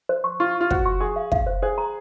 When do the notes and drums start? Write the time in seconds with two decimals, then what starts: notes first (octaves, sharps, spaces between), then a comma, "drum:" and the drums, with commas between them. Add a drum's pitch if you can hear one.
0.09 C5
0.24 C#6
0.40 F4 C#6
0.55 C#6
0.61 F4
0.71 F#4 C5, drum: kick
0.85 C#6
1.00 G#4 C#6
1.16 F5
1.32 F5, drum: kick
1.47 C5
1.62 G#4 C5
1.78 A#5